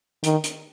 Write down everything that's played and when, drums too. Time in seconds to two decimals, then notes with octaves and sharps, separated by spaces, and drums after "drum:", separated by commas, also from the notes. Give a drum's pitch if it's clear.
0.24 D#3, drum: hi-hat
0.44 drum: hi-hat